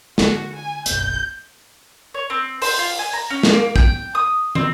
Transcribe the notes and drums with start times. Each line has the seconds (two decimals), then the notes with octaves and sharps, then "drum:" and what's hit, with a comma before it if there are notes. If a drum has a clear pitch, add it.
0.18 D3 F4 F#4, drum: snare
0.55 G#5
0.86 F#1 B1 G6, drum: hi-hat
2.14 C#5
2.30 C4
2.62 C5, drum: open hi-hat
2.79 F4
2.99 G#5
3.13 A#5
3.30 C#4
3.43 drum: snare
3.53 A#3
3.76 G5, drum: kick
4.15 D#6
4.55 C4, drum: tom